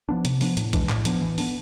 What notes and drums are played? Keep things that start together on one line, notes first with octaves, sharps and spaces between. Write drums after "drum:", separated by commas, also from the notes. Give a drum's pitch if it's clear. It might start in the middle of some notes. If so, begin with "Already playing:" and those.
F3 B3 D4
C3, drum: hi-hat
F3 B3 D4, drum: open hi-hat
A2, drum: hi-hat
E3 G#3 D4, drum: kick, hi-hat
A2, drum: clap
F3 B3 D4, drum: hi-hat
E3
B3 D4, drum: open hi-hat